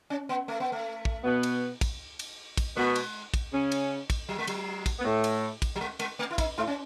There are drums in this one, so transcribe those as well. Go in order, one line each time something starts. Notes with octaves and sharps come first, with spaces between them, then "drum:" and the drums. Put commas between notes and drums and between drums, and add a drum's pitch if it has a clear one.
C#4
B3
A3
B3
A3
drum: kick
B2 B3
drum: cymbal
drum: kick, cymbal
drum: cymbal
drum: kick, cymbal
B2 G#3 B3
drum: cymbal
drum: kick, cymbal
C#3 C#4
drum: cymbal
drum: kick, cymbal
F#3
G#3
F#3, drum: cymbal
drum: kick, cymbal
B3
A2 A3
drum: cymbal
drum: kick, cymbal
F#3
G#3
G#3, drum: cymbal
A3
E4
D#4, drum: kick, cymbal
A2 A3 E4
C#4